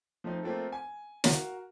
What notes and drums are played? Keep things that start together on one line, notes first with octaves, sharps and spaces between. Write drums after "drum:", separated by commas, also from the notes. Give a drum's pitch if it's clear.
F3 A3 C4 D#4
A3 A#3 C4 F4 A4
G#5
F#4 A#4 F5, drum: snare